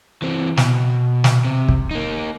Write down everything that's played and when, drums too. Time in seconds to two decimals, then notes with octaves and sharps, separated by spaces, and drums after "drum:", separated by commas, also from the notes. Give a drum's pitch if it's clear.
0.22 E3 C4
0.57 B2, drum: snare
1.24 drum: snare
1.44 C3
1.68 drum: kick
1.91 A#3 D#4